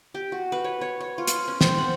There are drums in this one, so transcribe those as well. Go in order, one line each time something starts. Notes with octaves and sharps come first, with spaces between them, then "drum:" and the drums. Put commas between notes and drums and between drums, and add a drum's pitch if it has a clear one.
G4
F#4
B4
C#5
C#5
C#5
F4
drum: hi-hat
C#4
C4, drum: snare
F#5